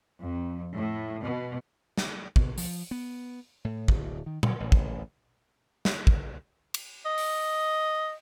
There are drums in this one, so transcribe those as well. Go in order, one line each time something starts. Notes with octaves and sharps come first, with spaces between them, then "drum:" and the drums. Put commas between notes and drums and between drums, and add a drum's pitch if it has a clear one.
F2
A2
B2
drum: snare
B2, drum: kick
F3, drum: open hi-hat
B3
A2
D1, drum: kick
D#3
F#3, drum: tom
A1
drum: kick
drum: snare
drum: kick
drum: cymbal
D#5
drum: open hi-hat